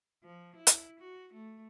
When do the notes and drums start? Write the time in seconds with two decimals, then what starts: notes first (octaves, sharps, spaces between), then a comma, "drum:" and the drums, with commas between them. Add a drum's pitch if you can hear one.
0.23 F3
0.56 E4
0.67 drum: hi-hat
1.00 F#4
1.34 A3